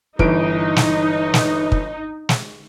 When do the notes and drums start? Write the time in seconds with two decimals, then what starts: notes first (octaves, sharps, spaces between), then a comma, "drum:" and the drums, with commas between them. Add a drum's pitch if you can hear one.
0.19 G1 E3 D#4 D7, drum: kick
0.76 drum: snare
1.34 drum: snare
1.72 drum: kick
2.29 drum: snare